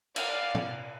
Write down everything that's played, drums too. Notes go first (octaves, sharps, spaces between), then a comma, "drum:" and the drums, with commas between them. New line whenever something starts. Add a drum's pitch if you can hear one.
D5 F5, drum: cymbal
drum: tom A#2